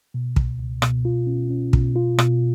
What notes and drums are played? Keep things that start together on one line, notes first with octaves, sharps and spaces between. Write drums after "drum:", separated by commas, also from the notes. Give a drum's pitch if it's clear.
B2
C#2, drum: kick
C#2
B2, drum: rim click
F4
C#4
C#4
B2, drum: kick
F4
B2, drum: rim click